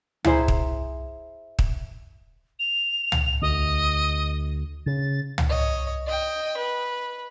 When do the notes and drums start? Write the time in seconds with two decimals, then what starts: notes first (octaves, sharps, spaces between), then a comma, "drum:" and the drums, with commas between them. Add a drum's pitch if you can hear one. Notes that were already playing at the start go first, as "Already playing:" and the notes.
0.24 E4 G#4 C5 A#5, drum: tom C#2
0.48 drum: kick
1.59 drum: kick
2.59 F7
3.12 drum: tom C#2
3.42 D2 D#5
4.86 C#3 A6
5.38 drum: tom C#2
5.49 C#5 D#5
6.07 D#5 G5
6.57 B4